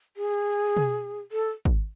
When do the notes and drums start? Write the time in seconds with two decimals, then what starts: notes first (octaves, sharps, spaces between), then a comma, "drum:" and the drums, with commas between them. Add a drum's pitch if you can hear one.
0.17 G#4
0.77 drum: tom
1.32 A4
1.65 drum: kick G#1